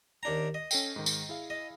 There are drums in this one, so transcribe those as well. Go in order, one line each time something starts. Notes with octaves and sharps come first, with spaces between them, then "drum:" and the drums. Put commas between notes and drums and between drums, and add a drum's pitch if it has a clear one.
D#2 D4 A#5
D#5
C#4 A4 G5, drum: tambourine
G#2 D#3
drum: tambourine
E4 G#4 F5
D#5